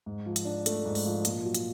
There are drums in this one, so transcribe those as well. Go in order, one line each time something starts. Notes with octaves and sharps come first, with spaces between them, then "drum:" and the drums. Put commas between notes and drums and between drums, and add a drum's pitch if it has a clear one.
G#2
F3
drum: hi-hat
D4
A3, drum: hi-hat
G#2
drum: open hi-hat
F3
A#2, drum: hi-hat
F#3
drum: hi-hat